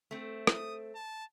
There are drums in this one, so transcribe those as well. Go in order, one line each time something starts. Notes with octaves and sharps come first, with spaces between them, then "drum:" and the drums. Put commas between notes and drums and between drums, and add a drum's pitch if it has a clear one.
A3 C4
D#6, drum: rim click
A5